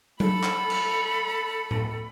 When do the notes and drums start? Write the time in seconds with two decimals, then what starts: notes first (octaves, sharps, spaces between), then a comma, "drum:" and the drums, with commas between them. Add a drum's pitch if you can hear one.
0.20 A4 B5, drum: tom F#3
0.43 drum: clap
0.70 drum: cymbal
1.71 drum: tom A2